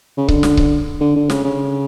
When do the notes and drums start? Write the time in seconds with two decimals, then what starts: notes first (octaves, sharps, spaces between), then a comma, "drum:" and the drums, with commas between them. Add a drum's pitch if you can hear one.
0.17 C#3
0.28 D3, drum: kick C#1
0.43 drum: snare
0.57 drum: kick C#1
1.00 D3
1.15 D3
1.30 C#3, drum: snare
1.44 C#3